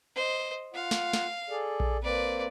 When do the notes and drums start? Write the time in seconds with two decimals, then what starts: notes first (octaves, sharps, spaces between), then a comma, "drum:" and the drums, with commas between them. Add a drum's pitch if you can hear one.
0.16 C5 D#5
0.74 F4 F5 F#5
0.91 drum: snare
1.13 drum: snare
1.49 G#4 A4 D5
1.80 drum: kick A#1
2.02 A#3 C4 B4 D5